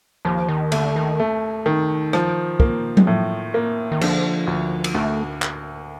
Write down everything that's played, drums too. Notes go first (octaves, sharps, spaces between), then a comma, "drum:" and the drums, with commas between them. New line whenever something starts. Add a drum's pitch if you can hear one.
D#2 F3
D#3
D3 A3, drum: cymbal
D#3
A3
D#3
F3, drum: rim click
A#3, drum: kick
drum: tom F3
A2
A#3
D#3
D3 F3, drum: cymbal
D2
drum: cymbal
D2 A3
drum: clap